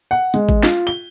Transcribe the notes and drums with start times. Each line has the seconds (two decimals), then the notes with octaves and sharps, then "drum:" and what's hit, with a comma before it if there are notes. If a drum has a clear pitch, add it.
0.11 F#5
0.34 G#3, drum: hi-hat
0.49 drum: kick G#1
0.63 F4, drum: snare
0.87 G7